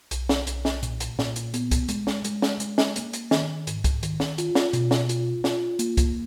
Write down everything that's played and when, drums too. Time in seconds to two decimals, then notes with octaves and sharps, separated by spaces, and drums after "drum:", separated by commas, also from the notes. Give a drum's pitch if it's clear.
0.11 B1, drum: hi-hat
0.29 drum: snare
0.47 B1, drum: hi-hat
0.65 drum: snare
0.83 A#2, drum: hi-hat
1.00 drum: hi-hat
1.19 A#2, drum: snare
1.36 drum: hi-hat
1.54 B3, drum: hi-hat
1.71 drum: kick C2, hi-hat
1.89 G#3, drum: hi-hat
2.07 drum: snare
2.24 G#3, drum: hi-hat
2.42 drum: snare
2.60 G#3, drum: hi-hat
2.78 drum: snare
2.96 A#3, drum: hi-hat
3.13 drum: hi-hat
3.31 D#3, drum: snare
3.67 G#2, drum: hi-hat
3.84 drum: kick C2, hi-hat
4.03 D#3, drum: hi-hat
4.20 drum: snare
4.38 F4, drum: hi-hat
4.55 drum: snare
4.73 B2, drum: hi-hat
4.91 drum: snare
5.09 F4, drum: hi-hat
5.44 F4, drum: snare
5.79 A#3, drum: hi-hat
5.97 drum: kick C2, hi-hat